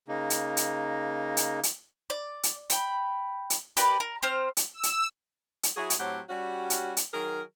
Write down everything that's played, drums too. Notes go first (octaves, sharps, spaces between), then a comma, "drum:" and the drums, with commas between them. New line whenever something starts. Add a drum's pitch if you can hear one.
C#3 A#3 D#4
drum: hi-hat
drum: hi-hat
drum: hi-hat
drum: hi-hat
D5
drum: hi-hat
G5 B5, drum: hi-hat
drum: hi-hat
G4 A#4 B4 D5, drum: hi-hat
A#4
C4 C5 F6
drum: hi-hat
E6
drum: hi-hat
drum: hi-hat
F#3 E4 F#4 G#4
drum: hi-hat
A2 F#3 C4 G4 C#5 F#5
G3 C#4 F#4
drum: hi-hat
drum: hi-hat
D#3 F#3 G#4 A#4